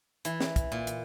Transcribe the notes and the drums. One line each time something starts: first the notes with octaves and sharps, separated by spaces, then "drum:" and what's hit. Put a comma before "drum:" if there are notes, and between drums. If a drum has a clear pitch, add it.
E3, drum: hi-hat
drum: snare
drum: kick, hi-hat
A#2
drum: hi-hat